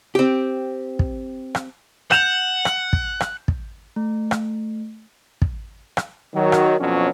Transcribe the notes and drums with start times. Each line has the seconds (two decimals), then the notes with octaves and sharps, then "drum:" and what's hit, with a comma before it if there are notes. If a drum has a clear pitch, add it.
0.15 C4 G4
0.99 drum: kick
1.55 drum: rim click
2.11 F#5 G6 E7 F7, drum: rim click
2.65 drum: rim click
2.93 drum: kick
3.20 drum: rim click
3.48 drum: kick
3.96 A3
4.31 drum: rim click
5.42 drum: kick
5.97 drum: rim click
6.34 D#3 F#3
6.52 drum: rim click
6.80 F2 B2 F3 F#3 C#4 D4